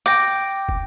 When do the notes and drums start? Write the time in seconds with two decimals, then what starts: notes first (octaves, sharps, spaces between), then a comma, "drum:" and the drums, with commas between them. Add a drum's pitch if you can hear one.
0.06 G5 D6 A#6
0.69 drum: kick